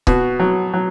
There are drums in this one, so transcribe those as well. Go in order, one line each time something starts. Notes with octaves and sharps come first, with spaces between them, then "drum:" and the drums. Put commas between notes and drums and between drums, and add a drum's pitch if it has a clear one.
B2 F#4, drum: kick C#1
F#3
F#3